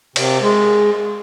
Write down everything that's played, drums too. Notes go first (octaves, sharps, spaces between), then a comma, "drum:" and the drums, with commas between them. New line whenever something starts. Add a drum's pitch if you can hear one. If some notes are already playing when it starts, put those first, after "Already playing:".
C3, drum: cymbal
G#3